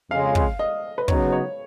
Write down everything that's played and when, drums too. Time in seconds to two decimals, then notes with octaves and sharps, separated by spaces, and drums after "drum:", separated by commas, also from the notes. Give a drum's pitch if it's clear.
0.10 F2 C#3 G#3 F5
0.35 drum: kick
0.59 D#5
0.98 B4
1.08 C#3 F#3 B3 D#4 C#5, drum: kick
1.32 C#5